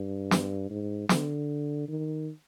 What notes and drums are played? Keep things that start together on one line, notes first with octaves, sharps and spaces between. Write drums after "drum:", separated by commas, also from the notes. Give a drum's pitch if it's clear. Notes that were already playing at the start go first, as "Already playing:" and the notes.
Already playing: G2
drum: snare
G#2
D3, drum: snare
D#3